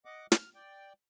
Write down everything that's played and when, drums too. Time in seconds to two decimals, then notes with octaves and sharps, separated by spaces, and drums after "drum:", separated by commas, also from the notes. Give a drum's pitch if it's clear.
0.05 D#5 F#5 D6
0.32 F6, drum: snare
0.55 D5 G5